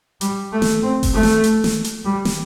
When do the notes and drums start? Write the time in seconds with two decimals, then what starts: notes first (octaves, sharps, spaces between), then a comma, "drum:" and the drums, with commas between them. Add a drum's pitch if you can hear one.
0.21 G3, drum: hi-hat
0.52 A3
0.62 drum: snare
0.83 C4
1.03 drum: kick F#1, open hi-hat
1.13 A3
1.23 drum: snare
1.44 drum: hi-hat
1.64 drum: snare
1.84 drum: hi-hat
2.05 G3
2.25 drum: snare